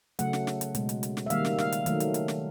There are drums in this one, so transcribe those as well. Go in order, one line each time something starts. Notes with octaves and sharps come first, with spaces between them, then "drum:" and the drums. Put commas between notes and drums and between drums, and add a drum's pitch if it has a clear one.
C#3 F#3 A3 F#5, drum: hi-hat
drum: snare
drum: snare
drum: hi-hat
B2 G#3, drum: hi-hat
drum: hi-hat
drum: hi-hat
drum: snare
E5
D#3 G3 A#3 F5, drum: hi-hat
drum: snare
F5, drum: snare
drum: hi-hat
D#3 F#3 A3, drum: hi-hat
drum: hi-hat
drum: hi-hat
drum: snare